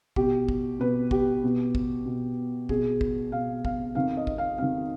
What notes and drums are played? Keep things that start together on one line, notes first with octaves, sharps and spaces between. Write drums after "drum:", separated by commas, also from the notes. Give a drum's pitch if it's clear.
B2 G4, drum: kick
drum: kick
B2 B4
G4, drum: kick
B2
drum: kick
B2
B2 G#4, drum: kick
drum: kick
B2 F5
F5, drum: kick
F2 D#3 F5
D#5
drum: kick
F5
F2 D#3 F5